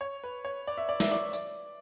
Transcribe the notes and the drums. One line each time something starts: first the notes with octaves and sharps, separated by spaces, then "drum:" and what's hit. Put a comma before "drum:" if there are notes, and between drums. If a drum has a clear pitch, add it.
C#5
B4
C#5
D5
E5
D5
E5, drum: snare
D5
D5, drum: tambourine